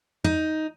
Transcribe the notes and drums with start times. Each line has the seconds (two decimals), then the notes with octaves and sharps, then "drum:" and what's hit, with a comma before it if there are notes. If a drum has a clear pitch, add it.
0.24 D#4, drum: tom E2